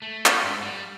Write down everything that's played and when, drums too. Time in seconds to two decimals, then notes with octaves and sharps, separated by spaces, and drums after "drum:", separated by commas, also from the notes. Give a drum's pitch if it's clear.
0.02 A3
0.26 C#4, drum: clap
0.43 G#2
0.62 G3